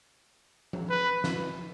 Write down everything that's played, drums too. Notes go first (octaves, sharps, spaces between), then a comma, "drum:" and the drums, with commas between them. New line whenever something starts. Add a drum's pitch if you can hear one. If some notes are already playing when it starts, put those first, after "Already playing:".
drum: tom F3
B4
drum: snare